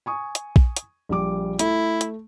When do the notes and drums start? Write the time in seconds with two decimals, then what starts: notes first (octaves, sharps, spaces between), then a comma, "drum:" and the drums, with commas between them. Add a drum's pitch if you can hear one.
0.06 G#5 C#6 D#6
0.35 drum: hi-hat
0.56 drum: kick A#1
0.76 drum: hi-hat
1.09 A#1 G3 D6
1.59 A3 E4, drum: hi-hat
2.01 drum: hi-hat